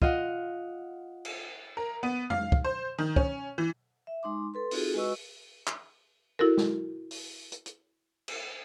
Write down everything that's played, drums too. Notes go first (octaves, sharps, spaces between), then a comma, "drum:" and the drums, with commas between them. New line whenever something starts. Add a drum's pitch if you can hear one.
F4 D#5 F5 F#5, drum: kick
drum: cymbal
A#4
B3
F5, drum: tom F2
drum: kick
C5
D#3
C#4, drum: kick
E3
E5
G#3 D#4 C6 D6
A4 B4 C6
C4 D#4 F4 F#4 G#4 A4, drum: open hi-hat
G#3 F#4 B4 D#5 C#6 E6
drum: clap
E4 F#4 A4 A#4
drum: snare
drum: open hi-hat
drum: hi-hat
drum: hi-hat
drum: cymbal